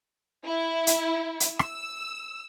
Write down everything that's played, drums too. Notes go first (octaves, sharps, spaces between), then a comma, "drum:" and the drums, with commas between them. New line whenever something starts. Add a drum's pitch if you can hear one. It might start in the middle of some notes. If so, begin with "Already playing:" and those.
E4
drum: hi-hat
drum: hi-hat
E6, drum: rim click